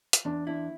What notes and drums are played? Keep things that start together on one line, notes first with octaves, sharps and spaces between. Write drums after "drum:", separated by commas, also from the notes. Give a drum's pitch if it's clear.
drum: hi-hat
E2 D4
D4 E4